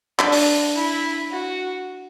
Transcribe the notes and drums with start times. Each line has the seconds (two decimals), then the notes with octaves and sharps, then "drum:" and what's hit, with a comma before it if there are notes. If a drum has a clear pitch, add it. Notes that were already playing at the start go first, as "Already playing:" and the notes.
0.19 D4, drum: clap
0.32 drum: open hi-hat
0.75 E4
1.30 F#4